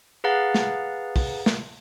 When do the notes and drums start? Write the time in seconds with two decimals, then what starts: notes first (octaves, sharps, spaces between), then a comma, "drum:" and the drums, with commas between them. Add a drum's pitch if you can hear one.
0.24 G#4 B4 F5 F#5 A#5 A6
0.54 drum: snare
1.16 drum: kick, open hi-hat
1.46 drum: snare